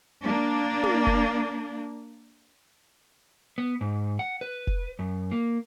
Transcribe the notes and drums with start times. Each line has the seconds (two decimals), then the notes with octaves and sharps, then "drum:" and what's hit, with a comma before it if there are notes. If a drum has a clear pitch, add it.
0.23 A#3 D4
0.83 drum: tom
1.07 drum: kick F1
3.58 B3
3.81 G#2
4.19 F#5
4.41 B4
4.67 drum: kick F1
4.99 F#2
5.31 A#3